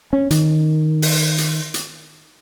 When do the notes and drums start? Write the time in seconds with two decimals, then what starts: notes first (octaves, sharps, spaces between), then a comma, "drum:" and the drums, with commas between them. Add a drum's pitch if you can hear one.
0.13 C#4
0.31 D#3, drum: hi-hat
1.02 drum: open hi-hat
1.38 drum: hi-hat
1.74 drum: hi-hat